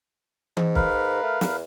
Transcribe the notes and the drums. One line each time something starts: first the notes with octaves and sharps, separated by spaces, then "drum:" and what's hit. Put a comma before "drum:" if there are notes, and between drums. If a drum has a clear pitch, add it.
G#2, drum: tom E3
A#4 B4 F5, drum: kick
A3
E2, drum: snare